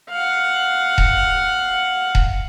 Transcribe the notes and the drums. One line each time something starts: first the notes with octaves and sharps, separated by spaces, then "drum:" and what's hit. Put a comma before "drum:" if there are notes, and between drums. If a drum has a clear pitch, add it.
F5 F#5
drum: kick D#1
drum: kick D#1